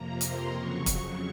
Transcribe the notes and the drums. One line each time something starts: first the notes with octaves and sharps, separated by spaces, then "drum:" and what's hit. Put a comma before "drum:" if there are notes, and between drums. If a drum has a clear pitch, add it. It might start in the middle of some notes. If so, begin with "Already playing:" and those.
Already playing: F2 C3 F3 A#3 A#5
C6, drum: hi-hat
F2 C#3 F#3 C#6
drum: kick, hi-hat